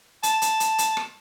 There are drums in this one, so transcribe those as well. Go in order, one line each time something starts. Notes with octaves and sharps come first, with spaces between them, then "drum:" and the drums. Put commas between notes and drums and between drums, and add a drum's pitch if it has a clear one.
A5, drum: hi-hat
drum: hi-hat
drum: hi-hat
drum: hi-hat
drum: rim click